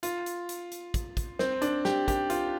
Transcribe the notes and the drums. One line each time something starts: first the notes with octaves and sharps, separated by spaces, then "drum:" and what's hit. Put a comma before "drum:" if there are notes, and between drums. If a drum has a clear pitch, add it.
F4, drum: hi-hat
drum: hi-hat
drum: hi-hat
drum: hi-hat
drum: kick, hi-hat
drum: kick, hi-hat
C4, drum: snare
D4, drum: hi-hat
G4, drum: snare
G4, drum: kick, hi-hat
F4, drum: hi-hat